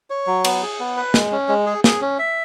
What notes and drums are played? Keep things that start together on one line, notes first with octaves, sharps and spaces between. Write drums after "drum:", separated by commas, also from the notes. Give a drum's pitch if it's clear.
C#5
F#3
B3, drum: cymbal
G#4
B3
B4
G#3, drum: snare
C#4
G#3
G#4
G#4, drum: snare
C#4
E5